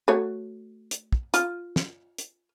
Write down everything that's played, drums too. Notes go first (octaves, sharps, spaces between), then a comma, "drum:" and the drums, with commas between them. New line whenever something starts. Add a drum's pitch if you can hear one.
A3 F#4 C#5
drum: hi-hat
drum: kick
F4, drum: hi-hat
drum: snare
drum: hi-hat